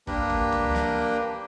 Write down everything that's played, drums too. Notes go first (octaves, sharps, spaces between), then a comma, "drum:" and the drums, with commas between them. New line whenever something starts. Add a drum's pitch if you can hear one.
A#3 D4 G4 A#4 B4, drum: kick
drum: kick
drum: tom C#2
drum: snare